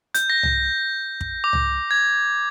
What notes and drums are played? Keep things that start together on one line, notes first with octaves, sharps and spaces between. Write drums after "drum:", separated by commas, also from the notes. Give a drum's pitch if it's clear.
G6, drum: hi-hat
A#6
drum: tom
drum: kick
D6
drum: tom
G#6